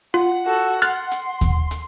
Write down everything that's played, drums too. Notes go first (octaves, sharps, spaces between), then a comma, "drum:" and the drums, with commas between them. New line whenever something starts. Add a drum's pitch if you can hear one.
F4 F#5
F#4 A4
C6 F6 F#6 A6, drum: hi-hat
drum: hi-hat
drum: kick D#2, hi-hat
drum: hi-hat